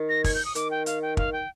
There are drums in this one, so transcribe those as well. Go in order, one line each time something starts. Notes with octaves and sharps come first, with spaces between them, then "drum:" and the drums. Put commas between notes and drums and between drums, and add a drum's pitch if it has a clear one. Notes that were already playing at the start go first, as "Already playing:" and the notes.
Already playing: D#3
A#6
G#6, drum: kick, open hi-hat
G6
D#6
D#3 D6, drum: hi-hat
G5
F5, drum: hi-hat
G5
F5, drum: kick
G5